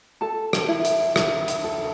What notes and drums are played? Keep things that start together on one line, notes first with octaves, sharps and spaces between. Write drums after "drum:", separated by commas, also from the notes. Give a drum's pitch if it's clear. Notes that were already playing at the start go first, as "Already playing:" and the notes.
A4 A5
drum: rim click
E4
drum: hi-hat
E4, drum: rim click
drum: hi-hat
A4